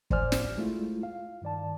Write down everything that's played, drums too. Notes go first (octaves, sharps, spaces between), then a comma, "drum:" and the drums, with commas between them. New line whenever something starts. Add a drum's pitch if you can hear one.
D2 A2 C5 D5 G#5 F6, drum: kick
drum: snare
G#3 A3 E4 F4
F5
G2 D#3 D5 A5